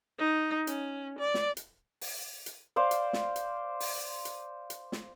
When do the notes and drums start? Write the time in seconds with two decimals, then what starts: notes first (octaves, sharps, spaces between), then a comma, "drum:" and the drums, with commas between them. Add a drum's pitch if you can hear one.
0.19 D#4
0.67 C#4, drum: hi-hat
1.19 D5
1.34 drum: snare
1.57 drum: hi-hat
2.01 drum: open hi-hat
2.46 drum: hi-hat
2.76 C5 D5 F5
2.91 drum: hi-hat
3.13 drum: snare
3.36 drum: hi-hat
3.80 drum: open hi-hat
4.25 drum: hi-hat
4.70 drum: hi-hat
4.92 drum: snare